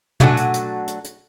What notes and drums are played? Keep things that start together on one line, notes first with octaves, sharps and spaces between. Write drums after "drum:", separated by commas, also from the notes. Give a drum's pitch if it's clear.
F#3 A3 D4 F#4 G#5, drum: tom
drum: hi-hat
drum: hi-hat
drum: hi-hat
drum: hi-hat